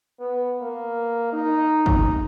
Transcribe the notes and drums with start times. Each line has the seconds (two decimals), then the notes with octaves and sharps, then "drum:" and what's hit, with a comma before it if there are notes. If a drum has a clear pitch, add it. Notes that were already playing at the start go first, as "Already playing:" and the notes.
0.20 B3
0.61 A#3
1.33 D#4
1.86 drum: kick G#1